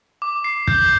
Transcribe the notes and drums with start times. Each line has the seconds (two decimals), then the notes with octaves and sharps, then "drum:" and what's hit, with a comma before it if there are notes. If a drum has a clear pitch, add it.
0.22 D6
0.44 C7
0.67 G6, drum: kick